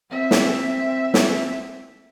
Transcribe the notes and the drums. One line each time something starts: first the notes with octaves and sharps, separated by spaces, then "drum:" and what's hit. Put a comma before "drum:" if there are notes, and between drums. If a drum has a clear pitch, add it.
C4 E5
drum: snare
drum: snare